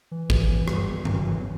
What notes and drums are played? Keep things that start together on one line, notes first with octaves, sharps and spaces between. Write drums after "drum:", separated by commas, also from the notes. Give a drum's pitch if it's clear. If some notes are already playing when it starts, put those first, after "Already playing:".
E3
G#1 G#2, drum: kick
G1 G2, drum: rim click
F#1 F#2 D#3, drum: tom G2
E3